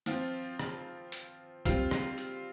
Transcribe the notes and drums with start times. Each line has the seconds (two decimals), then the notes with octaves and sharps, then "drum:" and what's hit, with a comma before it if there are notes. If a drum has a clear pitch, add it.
0.06 F3 C4 F4, drum: hi-hat
0.59 drum: rim click
1.12 drum: hi-hat
1.65 G3 C4 F4, drum: kick, hi-hat
1.91 drum: rim click
2.18 drum: hi-hat